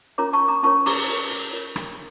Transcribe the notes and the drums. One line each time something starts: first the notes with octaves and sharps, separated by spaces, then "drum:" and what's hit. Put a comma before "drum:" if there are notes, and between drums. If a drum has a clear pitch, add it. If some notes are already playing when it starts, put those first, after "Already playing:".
C#4 F4 A#4 C#5 A#5 D6
A5 C#6
A#5 D6
C#4 F4 A#4 C#5 A5 C#6
A#5 D6, drum: open hi-hat
F4 A#4 C#5
drum: hi-hat
F4 A#4 C#5
drum: rim click